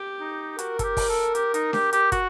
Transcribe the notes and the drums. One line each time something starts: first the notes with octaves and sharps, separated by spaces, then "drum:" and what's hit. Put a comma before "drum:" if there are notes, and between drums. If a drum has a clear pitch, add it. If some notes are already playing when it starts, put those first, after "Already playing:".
Already playing: G4
D#4
F#4 A#4, drum: hi-hat
A4, drum: kick, hi-hat
G4
drum: kick, open hi-hat
A4
G4, drum: hi-hat
D#4, drum: hi-hat
G4, drum: snare D4
G4, drum: hi-hat
F#4, drum: kick, hi-hat